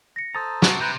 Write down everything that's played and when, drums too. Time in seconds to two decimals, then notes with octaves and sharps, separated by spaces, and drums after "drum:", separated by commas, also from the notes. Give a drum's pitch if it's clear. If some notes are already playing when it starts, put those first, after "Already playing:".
0.16 A#6 C#7
0.35 A4 C5 A#5 D#6 A6
0.62 C3 F#4 A5, drum: snare
0.81 C3 B4 A#5 G6